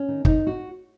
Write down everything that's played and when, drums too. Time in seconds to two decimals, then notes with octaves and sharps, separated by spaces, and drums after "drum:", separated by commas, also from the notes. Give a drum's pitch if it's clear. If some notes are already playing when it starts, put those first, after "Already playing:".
Already playing: C#4
0.08 D#3
0.25 D#3 D#4, drum: kick
0.47 F#4